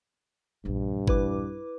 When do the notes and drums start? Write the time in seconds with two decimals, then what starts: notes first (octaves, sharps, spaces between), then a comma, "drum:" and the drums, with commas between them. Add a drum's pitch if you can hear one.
0.65 A#1 E2 G2
1.08 E4 B4 D6, drum: kick G#1